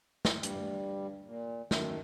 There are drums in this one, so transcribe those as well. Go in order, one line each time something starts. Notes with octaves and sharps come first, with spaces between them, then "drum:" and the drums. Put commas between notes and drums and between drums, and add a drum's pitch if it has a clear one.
drum: snare
G2 G3, drum: hi-hat
A#2
F#2 D#3 A3, drum: snare